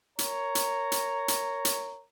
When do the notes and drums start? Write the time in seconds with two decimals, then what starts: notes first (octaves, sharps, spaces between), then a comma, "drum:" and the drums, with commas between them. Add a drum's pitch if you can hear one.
0.19 A#4 C#5 A#5, drum: hi-hat
0.55 drum: hi-hat
0.92 drum: hi-hat
1.28 drum: hi-hat
1.65 drum: hi-hat